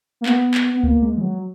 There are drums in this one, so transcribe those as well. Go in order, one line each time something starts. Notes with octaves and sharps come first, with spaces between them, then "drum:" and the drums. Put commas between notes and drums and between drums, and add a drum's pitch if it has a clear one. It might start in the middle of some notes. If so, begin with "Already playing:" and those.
A#3
B3, drum: clap
drum: clap
B3
A#3, drum: kick C#2
G#3
E3
F#3